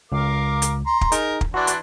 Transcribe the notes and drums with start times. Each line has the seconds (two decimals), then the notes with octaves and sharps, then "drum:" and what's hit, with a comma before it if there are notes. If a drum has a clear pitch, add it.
0.12 C#2 A#4 F5 D6
0.62 drum: hi-hat
0.86 A#5 C6
1.01 drum: kick
1.12 D#4 G#4 A#4, drum: hi-hat
1.41 drum: kick
1.54 E3 D4 F#4 D5 C6
1.67 drum: hi-hat